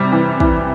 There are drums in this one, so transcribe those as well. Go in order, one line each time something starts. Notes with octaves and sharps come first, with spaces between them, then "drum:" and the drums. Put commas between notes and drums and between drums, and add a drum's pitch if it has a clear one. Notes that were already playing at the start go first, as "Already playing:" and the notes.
Already playing: C3 G3
E3
E3, drum: kick